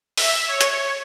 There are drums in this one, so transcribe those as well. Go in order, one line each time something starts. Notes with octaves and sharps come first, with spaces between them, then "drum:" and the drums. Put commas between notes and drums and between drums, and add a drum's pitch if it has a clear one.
E5, drum: open hi-hat
C#5
drum: hi-hat